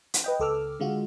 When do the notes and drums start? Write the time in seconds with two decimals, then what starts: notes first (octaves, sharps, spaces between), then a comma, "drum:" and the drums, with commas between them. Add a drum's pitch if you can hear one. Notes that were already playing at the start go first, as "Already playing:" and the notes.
0.14 drum: hi-hat
0.24 B4 D#5 G5
0.40 C#2 A4 D6 E6 F6
0.80 D3 G#3 F4 F#4